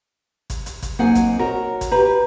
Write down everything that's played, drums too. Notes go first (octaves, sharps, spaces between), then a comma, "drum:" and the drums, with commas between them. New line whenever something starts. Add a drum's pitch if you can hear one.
drum: kick G#1, hi-hat
drum: hi-hat
drum: kick G#1, hi-hat
F#3 A#3 C4 D#4 F#5 G#5
drum: kick G#1, hi-hat
F#4 A#4 C#5
drum: kick G#1, hi-hat
G4 B4 C5 A#5 B5